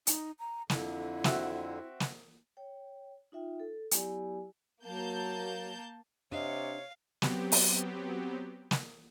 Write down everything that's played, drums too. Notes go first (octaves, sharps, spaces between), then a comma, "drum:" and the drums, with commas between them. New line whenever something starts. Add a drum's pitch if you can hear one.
D#4, drum: hi-hat
A#5
F2 D3 E4, drum: snare
C4 F#4 E5, drum: snare
drum: snare
C#5 G5
D#4 F4 E5 G5
A4
F#3 B3 E4 G4 D5 G#5, drum: hi-hat
F#3 A#3 A5 G6
C3 D4 C#5 D#5 F5
F#3 B3 C4 G4, drum: snare
drum: open hi-hat
drum: snare